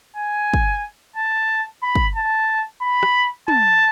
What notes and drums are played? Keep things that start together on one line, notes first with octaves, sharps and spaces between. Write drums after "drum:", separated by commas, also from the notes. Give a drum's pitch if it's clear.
G#5
drum: kick
A5
B5
drum: kick
A5
B5
drum: rim click
A5, drum: tom